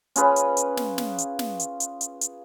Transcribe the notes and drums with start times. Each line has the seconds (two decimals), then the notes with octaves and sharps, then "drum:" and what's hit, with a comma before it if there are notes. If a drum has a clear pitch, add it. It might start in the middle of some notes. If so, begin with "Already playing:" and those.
0.16 C#4 F4 G#4 B4, drum: hi-hat
0.36 drum: hi-hat
0.57 drum: hi-hat
0.77 drum: snare
0.98 drum: snare
1.18 drum: hi-hat
1.39 drum: snare
1.60 drum: hi-hat
1.80 drum: hi-hat
2.01 drum: hi-hat
2.21 drum: hi-hat